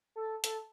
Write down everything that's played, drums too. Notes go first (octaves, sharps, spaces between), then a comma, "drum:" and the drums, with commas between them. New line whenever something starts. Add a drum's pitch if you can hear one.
A4
A4, drum: hi-hat